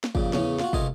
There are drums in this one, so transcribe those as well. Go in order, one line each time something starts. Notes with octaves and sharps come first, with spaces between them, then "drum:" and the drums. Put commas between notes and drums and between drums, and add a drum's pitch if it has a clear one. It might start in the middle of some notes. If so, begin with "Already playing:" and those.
drum: snare
F2 A#2 C#3 G3, drum: kick
E2 A2 C#3 C#4, drum: snare
F4 F#4, drum: snare
C#2 C3 A3 F4 D#5 G#5, drum: kick